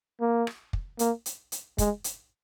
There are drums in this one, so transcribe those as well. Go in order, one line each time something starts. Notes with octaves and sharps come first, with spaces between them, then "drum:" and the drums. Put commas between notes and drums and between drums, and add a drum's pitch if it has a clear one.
A#3
drum: rim click
drum: kick
A#3, drum: hi-hat
drum: hi-hat
drum: hi-hat
G#3, drum: kick, hi-hat
drum: hi-hat